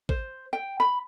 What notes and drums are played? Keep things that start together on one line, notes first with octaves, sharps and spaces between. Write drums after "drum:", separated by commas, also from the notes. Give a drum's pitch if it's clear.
C5, drum: kick A1
G5
B5